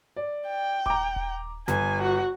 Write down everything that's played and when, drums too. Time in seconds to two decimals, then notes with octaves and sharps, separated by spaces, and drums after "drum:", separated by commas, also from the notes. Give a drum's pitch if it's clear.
0.17 D5
0.48 G5
0.86 A#5 D6, drum: kick D#1
1.16 drum: kick D#1
1.68 G1 G#5, drum: snare
2.02 F#4